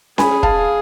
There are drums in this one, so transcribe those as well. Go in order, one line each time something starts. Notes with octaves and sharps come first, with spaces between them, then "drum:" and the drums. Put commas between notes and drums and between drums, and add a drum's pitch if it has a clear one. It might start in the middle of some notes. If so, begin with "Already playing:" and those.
G#4 G#5 B5, drum: snare C#4
F5 A5, drum: kick